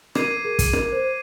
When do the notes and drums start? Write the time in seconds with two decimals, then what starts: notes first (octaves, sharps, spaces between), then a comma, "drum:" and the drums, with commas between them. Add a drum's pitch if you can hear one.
0.15 A#4 D6 G#6 C7 D#7, drum: rim click
0.37 A#4
0.44 G#4
0.59 drum: kick, hi-hat
0.73 A#4, drum: rim click
0.92 C5